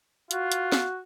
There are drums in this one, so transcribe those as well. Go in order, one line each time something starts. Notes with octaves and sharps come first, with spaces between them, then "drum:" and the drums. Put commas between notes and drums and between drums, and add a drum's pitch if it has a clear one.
F4 F#4, drum: hi-hat
drum: hi-hat
drum: snare